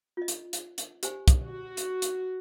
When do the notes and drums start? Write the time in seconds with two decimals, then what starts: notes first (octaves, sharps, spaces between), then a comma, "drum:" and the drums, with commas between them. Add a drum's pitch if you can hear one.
0.17 F4 D#5
0.28 drum: hi-hat
0.53 drum: hi-hat
0.78 drum: hi-hat
1.03 G4 C5 G#5, drum: hi-hat
1.28 drum: kick, hi-hat
1.44 F#4
1.77 drum: hi-hat
2.02 drum: hi-hat